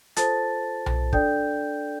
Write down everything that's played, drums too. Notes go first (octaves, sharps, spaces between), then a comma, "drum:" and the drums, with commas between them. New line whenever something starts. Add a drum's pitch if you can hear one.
F4 A4 C5 A5 A6, drum: hi-hat
drum: tom B1
D4 A4 D5 G5 G6, drum: kick